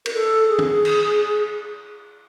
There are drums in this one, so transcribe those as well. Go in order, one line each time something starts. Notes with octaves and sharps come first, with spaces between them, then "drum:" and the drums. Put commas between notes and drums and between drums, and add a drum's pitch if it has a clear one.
A#4, drum: cymbal
A4
G#4
drum: tom
drum: cymbal